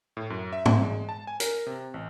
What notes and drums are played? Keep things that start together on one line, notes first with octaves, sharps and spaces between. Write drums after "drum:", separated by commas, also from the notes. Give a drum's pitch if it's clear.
A2
F#2
E5
B2, drum: tom
G#3
A5
G#5
A#4, drum: hi-hat
C3
A1